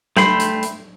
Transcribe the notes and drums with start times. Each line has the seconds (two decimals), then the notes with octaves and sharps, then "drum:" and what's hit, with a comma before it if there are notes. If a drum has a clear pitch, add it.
0.17 A3 G5 B5 C6, drum: snare
0.40 drum: hi-hat
0.63 drum: hi-hat